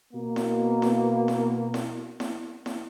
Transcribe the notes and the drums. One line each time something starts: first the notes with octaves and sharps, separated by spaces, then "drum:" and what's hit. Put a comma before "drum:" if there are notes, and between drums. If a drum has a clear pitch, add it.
B2 A#3
drum: snare E4
drum: snare E4
drum: snare E4
drum: snare E4
drum: snare E4
drum: snare E4